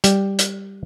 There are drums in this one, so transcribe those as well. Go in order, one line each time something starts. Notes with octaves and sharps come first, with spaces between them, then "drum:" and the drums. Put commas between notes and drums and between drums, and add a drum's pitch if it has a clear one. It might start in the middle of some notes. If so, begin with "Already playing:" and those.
G3, drum: hi-hat
drum: hi-hat